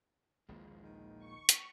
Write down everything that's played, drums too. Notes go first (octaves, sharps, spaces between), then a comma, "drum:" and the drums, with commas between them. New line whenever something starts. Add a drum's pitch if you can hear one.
A#1 D#2 A#2 F3 G#3 A#3
D#3
C#6
drum: hi-hat